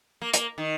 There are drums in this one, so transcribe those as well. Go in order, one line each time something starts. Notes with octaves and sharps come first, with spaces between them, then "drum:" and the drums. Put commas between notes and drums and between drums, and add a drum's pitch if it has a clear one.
A#3
A#3, drum: hi-hat
D#3